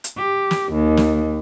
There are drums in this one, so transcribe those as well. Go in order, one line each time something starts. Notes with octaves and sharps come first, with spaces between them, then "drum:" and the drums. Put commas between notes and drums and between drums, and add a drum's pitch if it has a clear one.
drum: hi-hat
G4
drum: snare
D#2
drum: snare